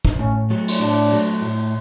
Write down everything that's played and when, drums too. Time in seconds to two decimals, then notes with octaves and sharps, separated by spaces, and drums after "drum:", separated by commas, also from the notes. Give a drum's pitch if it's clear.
0.05 drum: kick
0.18 A2 C#4
0.50 F#3 A3
0.68 drum: cymbal
0.80 A2 D4
1.11 F#3 A3
1.42 A2